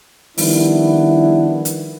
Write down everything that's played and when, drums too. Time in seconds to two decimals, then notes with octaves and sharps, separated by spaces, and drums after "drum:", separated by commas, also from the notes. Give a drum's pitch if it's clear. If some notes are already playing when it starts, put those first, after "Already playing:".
0.38 D#3 F3 G3 B3 D4 E4, drum: open hi-hat
1.65 drum: hi-hat